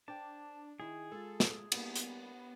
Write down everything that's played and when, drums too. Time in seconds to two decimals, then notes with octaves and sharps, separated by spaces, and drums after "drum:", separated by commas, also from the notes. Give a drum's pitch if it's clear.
0.08 D4 C5 G5 A5
0.80 D#3 E4 G#4
1.12 G#3 F4 A4
1.40 drum: snare
1.72 G3 A#3 B3, drum: cymbal
1.96 drum: hi-hat